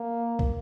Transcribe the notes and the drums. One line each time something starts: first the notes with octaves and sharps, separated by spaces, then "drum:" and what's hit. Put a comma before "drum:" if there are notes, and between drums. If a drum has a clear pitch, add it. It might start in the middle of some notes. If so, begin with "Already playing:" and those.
Already playing: A#3
drum: kick